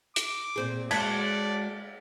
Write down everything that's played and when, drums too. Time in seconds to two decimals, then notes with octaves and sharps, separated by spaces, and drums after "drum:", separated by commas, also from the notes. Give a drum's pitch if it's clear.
0.16 D6, drum: hi-hat
0.56 A#2 C4 G#4
0.91 G#3 F#4 G#4 D5 A5 G#6 B6, drum: cymbal